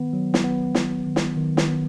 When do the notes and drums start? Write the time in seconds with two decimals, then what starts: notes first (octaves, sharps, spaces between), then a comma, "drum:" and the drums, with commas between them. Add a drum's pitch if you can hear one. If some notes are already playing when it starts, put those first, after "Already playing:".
Already playing: D#3 B3
0.13 F#3
0.34 drum: snare
0.44 B3
0.75 B3, drum: snare
1.06 D#3
1.16 drum: snare
1.36 D#3
1.57 drum: snare
1.68 B3